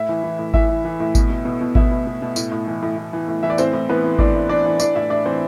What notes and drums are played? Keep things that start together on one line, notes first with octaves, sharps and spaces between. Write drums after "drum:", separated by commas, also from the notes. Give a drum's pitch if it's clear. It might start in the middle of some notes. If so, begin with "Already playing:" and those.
Already playing: A2 E4 E5
E3
E3
A2
E3 E4 E5, drum: kick G#1
E3
E3
A2
B2, drum: kick G#1, tambourine
B2
B2
B2
B2 E4 E5, drum: kick G#1
B2
B2
B2
A2, drum: tambourine
A2
E3
A2
A2
E3
A2
E3 E5
D5
A2 C4 C5, drum: tambourine
A2
E3 B3 B4
E3
A2 D4 D5, drum: kick G#1
A2
E3 D4 D5
E3
E3 D4 D5, drum: tambourine
A2 E4 E5
A2 D4 D5
E3 C4 C5